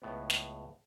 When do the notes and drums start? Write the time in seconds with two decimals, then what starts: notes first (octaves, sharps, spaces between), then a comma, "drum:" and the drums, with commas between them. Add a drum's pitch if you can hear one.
0.02 C#2 A2 B3
0.30 drum: snare